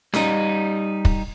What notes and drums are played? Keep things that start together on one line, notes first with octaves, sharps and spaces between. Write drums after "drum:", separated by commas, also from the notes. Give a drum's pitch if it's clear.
G3 D#4, drum: snare C#4
drum: kick